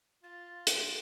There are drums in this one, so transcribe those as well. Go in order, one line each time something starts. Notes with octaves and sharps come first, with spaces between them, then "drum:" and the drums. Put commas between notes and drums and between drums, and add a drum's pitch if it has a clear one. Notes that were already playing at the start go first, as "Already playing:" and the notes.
F4 A6
A4 C6 D7, drum: hi-hat